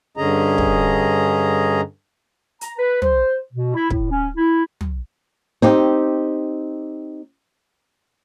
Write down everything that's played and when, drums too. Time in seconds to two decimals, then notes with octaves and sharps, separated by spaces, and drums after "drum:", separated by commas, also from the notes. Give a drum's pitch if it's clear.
0.17 G2 D3 C#4 G#4 D#5 A#5
0.58 drum: kick
2.61 A#5, drum: hi-hat
2.77 B4
3.02 C5, drum: tom
3.53 B2
3.74 E4
3.91 A2, drum: kick
4.10 C#4
4.37 E4
4.81 drum: tom
5.62 C4 D#4 G4